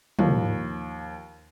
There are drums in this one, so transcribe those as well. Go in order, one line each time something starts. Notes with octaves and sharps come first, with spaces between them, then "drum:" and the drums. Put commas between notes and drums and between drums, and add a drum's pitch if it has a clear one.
D#2 F3, drum: tom